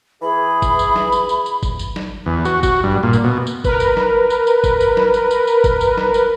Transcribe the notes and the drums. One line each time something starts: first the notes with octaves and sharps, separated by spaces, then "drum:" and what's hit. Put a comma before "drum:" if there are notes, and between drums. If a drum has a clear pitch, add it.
E3 G#4 B5
drum: kick G1, tambourine
drum: tambourine
drum: snare
drum: tambourine
drum: tambourine
drum: tambourine
drum: kick G1, tambourine
drum: tambourine
drum: snare
E2
F#4, drum: tambourine
F#4, drum: kick G1, tambourine
G2
A#2
drum: tambourine
B2
drum: tambourine
A#4 B4, drum: kick G1, tambourine
drum: tambourine
drum: snare
drum: tambourine
drum: tambourine
drum: kick G1, tambourine
drum: tambourine
drum: snare
drum: tambourine
drum: tambourine
drum: tambourine
drum: kick G1, tambourine
drum: tambourine
drum: snare
drum: tambourine